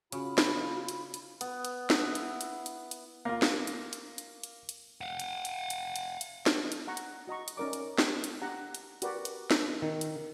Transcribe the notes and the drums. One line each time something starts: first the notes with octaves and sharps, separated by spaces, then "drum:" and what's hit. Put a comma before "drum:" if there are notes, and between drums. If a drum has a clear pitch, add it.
C#3 F4 F#4 B5, drum: hi-hat
drum: snare
drum: hi-hat
drum: hi-hat
B3, drum: hi-hat
drum: hi-hat
drum: snare
E4
drum: hi-hat
drum: hi-hat
drum: hi-hat
drum: hi-hat
A#3 F4
drum: snare
drum: hi-hat
drum: hi-hat
drum: hi-hat
drum: hi-hat
drum: hi-hat
F5 F#5
drum: hi-hat
drum: hi-hat
drum: hi-hat
drum: hi-hat
drum: hi-hat
drum: snare
drum: hi-hat
F#5 A#5 C#6
drum: hi-hat
F#4 D#5 A#5 C#6
drum: hi-hat
C#4 D#4 A#4 D5 D6
drum: hi-hat
drum: snare
drum: hi-hat
D4 G4 F#5 A#5
drum: hi-hat
F#4 G4 A#4 B4 D5, drum: hi-hat
drum: hi-hat
drum: snare
D#3
drum: hi-hat